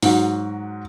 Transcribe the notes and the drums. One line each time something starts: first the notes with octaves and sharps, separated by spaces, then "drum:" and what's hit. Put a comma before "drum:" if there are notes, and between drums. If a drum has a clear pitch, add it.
G#2 F#3, drum: open hi-hat